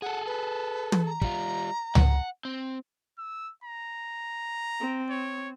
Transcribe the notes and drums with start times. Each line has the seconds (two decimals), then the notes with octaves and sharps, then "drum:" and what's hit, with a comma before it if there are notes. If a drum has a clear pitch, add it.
0.02 G#4 A4 F#5
0.26 B4
0.92 drum: tom
1.06 A#5
1.22 G3 F4, drum: kick
1.95 F#5, drum: tom C#2
2.45 C4
3.18 E6
3.64 A#5
4.81 C4
5.10 C#5